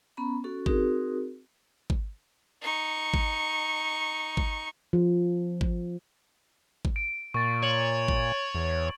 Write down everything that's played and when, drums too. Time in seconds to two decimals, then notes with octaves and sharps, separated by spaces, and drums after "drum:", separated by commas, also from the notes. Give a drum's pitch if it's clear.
0.17 B3 C#4 A#5 B5
0.44 C#4 F#4 A4
0.66 C4 D#4 F#4 G#4 A#4, drum: kick G#1
1.90 drum: kick G#1
2.61 D#4 C#6
3.14 drum: kick G#1
4.37 drum: kick G#1
4.93 F3
5.61 drum: kick G#1
6.85 drum: kick G#1
6.96 D7
7.34 A#2 C#6 A6
7.63 C#5 G#6 F#7
8.08 drum: kick G#1
8.55 E2